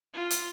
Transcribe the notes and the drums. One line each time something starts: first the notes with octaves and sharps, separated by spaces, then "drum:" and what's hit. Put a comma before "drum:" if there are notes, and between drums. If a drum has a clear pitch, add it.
F4
drum: hi-hat